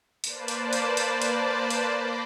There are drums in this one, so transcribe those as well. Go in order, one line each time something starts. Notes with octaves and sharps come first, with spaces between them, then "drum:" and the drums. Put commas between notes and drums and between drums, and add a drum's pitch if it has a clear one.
A#3 B4 C5 D5 A5, drum: hi-hat
drum: hi-hat
drum: hi-hat
drum: hi-hat
drum: hi-hat
drum: hi-hat
B5 D6 G6 A#6 C7